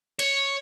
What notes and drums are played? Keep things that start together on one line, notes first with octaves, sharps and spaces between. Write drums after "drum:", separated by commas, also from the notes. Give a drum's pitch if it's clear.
C#5, drum: cymbal